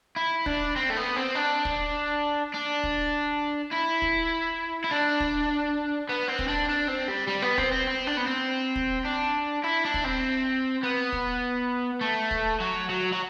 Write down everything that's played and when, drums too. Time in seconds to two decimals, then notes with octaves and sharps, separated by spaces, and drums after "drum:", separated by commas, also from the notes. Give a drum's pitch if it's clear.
0.16 E4
0.46 D4, drum: kick
0.76 C4
0.90 A3
0.97 B3
1.16 C4
1.35 D4
1.65 drum: kick
2.54 D4
2.84 drum: kick
3.73 E4
4.02 drum: kick
4.84 E4
4.91 D4
5.20 drum: kick
6.09 B3
6.28 C4
6.39 drum: kick
6.48 D4
6.69 D4
6.88 C4
7.08 G3
7.27 G3
7.42 B3
7.58 C4, drum: kick
7.72 C4
7.87 C4
8.07 D4
8.17 B3
8.26 C4
8.76 drum: kick
9.05 D4
9.64 E4
9.85 D4
9.94 drum: kick
10.05 C4
10.83 B3
11.12 drum: kick
12.01 A3
12.31 drum: kick
12.60 F#3
12.90 F#3
13.13 F#3